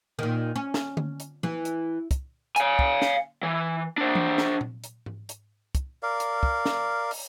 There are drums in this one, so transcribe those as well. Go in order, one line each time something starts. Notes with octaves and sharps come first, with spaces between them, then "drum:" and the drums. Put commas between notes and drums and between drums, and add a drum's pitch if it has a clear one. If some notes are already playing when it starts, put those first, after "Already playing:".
A#2 D#3
C#4
drum: snare
drum: tom D3
drum: hi-hat
E3, drum: tom E3
drum: hi-hat
drum: kick, hi-hat
F5 G#5, drum: hi-hat
drum: kick
drum: snare
E3
D4 C5
drum: tom E3
drum: snare
drum: tom A#2
drum: hi-hat
drum: tom G#2
drum: hi-hat
drum: kick, hi-hat
A#4 D5 F5
drum: hi-hat
drum: kick
drum: snare
drum: open hi-hat